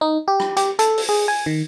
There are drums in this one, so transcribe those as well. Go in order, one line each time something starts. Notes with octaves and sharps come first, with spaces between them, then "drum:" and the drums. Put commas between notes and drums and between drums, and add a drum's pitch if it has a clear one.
D#4
G4
drum: rim click
G4, drum: hi-hat
A4, drum: hi-hat
drum: open hi-hat
G#4
G#5
D#3